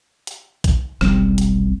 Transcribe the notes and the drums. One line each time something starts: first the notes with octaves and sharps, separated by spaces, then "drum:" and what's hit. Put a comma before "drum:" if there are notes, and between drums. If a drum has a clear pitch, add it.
drum: hi-hat
drum: kick, hi-hat
F1 B1 G3 C4, drum: rim click
drum: hi-hat